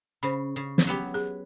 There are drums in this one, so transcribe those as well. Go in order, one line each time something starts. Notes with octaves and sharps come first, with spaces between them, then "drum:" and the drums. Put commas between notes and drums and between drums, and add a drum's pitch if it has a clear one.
C#3 C5 B5
C#3
drum: snare
F#3 B3 G4
G#4